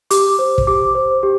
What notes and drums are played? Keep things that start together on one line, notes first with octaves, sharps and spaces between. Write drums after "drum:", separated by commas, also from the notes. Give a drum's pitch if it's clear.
G4 D6, drum: hi-hat
C5
drum: kick
G4 D6
C5
G4